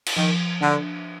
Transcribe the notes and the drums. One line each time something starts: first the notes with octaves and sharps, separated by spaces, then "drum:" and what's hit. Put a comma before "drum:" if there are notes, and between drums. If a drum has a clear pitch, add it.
drum: cymbal
D#3 F3
D3 D4